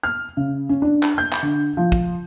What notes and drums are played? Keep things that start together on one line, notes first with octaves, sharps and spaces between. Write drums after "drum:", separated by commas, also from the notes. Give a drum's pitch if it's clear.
F6
C#3
C#4
D4
drum: clap
G6
drum: clap
D3
F3
drum: kick